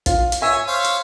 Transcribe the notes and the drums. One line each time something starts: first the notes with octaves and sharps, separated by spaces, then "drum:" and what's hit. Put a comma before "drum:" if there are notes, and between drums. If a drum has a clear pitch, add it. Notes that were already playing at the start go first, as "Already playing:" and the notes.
F4, drum: kick, hi-hat
drum: hi-hat
C#5 E5 G#5
C5 C#5 F5
drum: hi-hat